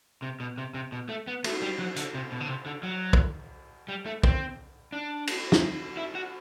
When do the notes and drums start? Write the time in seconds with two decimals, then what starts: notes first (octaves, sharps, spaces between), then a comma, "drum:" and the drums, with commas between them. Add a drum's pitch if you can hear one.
0.22 C3
0.40 B2
0.58 C3
0.74 C3
0.92 B2
1.09 A3
1.27 B3
1.44 A3, drum: cymbal
1.62 G3
1.79 F#3
1.96 D3, drum: hi-hat
2.14 C3
2.32 B2
2.40 D3
2.48 C3
2.66 D3
2.83 F#3
3.13 drum: kick
3.88 G3
4.06 A3
4.24 C4, drum: kick
4.92 D4
5.27 drum: cymbal
5.52 drum: snare
5.97 E4
6.15 F#4